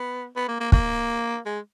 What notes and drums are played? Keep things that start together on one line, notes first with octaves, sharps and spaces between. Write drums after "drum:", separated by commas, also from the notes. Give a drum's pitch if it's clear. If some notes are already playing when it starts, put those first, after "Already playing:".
Already playing: B3
B3
A#3
A#3
A#3, drum: kick
G#3